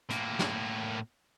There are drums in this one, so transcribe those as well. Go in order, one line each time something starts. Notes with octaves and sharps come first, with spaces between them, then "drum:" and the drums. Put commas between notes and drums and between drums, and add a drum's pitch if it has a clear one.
A2 A#3, drum: hi-hat
drum: snare